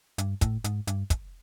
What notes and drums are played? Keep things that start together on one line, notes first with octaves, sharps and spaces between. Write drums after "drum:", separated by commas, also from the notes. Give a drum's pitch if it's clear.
G2, drum: hi-hat
A2, drum: kick, hi-hat
G#2, drum: hi-hat
G2, drum: hi-hat
drum: kick, hi-hat